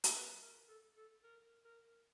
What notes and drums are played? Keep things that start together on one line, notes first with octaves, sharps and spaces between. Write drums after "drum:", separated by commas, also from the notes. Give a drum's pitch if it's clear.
drum: hi-hat
B4
A#4
A4
A4
A#4
A#4